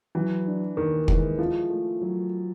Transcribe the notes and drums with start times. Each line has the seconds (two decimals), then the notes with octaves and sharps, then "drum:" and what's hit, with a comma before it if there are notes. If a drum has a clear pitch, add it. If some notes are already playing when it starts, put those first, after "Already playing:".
0.15 E3 F#3
0.46 D4
0.77 D#2 D#3
1.08 E3 G#3, drum: kick
1.39 F3 E4
1.70 A3
2.02 F#3